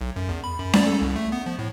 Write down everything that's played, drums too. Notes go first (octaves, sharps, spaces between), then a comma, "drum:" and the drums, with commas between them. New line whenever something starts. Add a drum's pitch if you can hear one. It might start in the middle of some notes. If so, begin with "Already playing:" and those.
B1
F#2
E2
B5
F#2
D5, drum: snare C#4
A4
C2
A3
B3
F3
A2